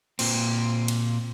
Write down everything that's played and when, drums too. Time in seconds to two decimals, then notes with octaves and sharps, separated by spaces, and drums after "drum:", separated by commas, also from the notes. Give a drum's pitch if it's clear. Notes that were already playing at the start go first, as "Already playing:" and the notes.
0.19 A#2 C4, drum: cymbal
0.88 drum: cymbal